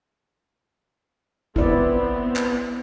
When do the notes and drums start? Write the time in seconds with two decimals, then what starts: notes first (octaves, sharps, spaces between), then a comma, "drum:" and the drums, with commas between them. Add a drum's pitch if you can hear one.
1.56 B3 C4 E4 D5, drum: kick G#1
2.36 drum: clap